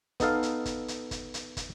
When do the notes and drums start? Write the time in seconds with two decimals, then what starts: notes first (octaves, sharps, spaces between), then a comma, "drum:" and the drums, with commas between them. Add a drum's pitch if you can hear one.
0.20 B3 D#4 A4 F5, drum: kick, hi-hat
0.43 drum: hi-hat
0.65 drum: kick, hi-hat
0.88 drum: hi-hat
1.11 drum: kick, hi-hat
1.34 drum: hi-hat
1.57 drum: kick, hi-hat